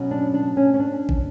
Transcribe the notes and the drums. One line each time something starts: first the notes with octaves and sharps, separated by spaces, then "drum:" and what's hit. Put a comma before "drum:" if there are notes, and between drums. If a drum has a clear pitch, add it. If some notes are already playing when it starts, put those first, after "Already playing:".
Already playing: B2 F#3 C#4
D4
D4
C#4
C#4
D4
drum: kick